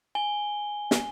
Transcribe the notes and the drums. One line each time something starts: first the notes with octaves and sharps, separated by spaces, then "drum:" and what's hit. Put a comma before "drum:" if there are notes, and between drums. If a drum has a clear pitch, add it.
G#5 G7
drum: snare